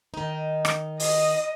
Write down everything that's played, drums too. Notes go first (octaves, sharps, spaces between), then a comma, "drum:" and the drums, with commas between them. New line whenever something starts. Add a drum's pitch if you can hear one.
D#3 D#4
drum: rim click
D#5, drum: open hi-hat